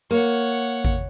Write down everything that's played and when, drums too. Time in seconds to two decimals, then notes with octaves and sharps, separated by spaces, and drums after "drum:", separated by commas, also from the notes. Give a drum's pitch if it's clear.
0.11 A#3 C#5 F#5
0.85 drum: kick G#1